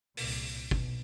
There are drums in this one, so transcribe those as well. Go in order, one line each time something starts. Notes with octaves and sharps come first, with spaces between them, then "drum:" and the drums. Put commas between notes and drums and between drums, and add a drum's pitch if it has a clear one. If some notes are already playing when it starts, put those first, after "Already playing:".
C2 A#2, drum: open hi-hat
B1 B2, drum: kick